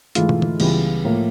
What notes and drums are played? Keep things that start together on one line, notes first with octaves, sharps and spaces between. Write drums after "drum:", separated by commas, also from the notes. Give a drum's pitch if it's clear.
G#2 E3 A3 F4, drum: hi-hat
drum: tom
drum: tom D3
C#2 C#3 E3 G3 B3, drum: cymbal
A2 F3 A#3